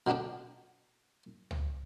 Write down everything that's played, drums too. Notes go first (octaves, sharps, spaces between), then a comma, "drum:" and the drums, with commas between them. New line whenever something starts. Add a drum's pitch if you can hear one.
B2 D3 B3 D4 G4
drum: tom C#2